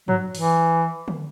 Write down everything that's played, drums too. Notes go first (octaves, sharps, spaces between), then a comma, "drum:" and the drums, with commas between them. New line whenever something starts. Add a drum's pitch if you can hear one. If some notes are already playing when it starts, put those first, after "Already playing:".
F#3, drum: tom G2
E3, drum: open hi-hat
drum: tom D3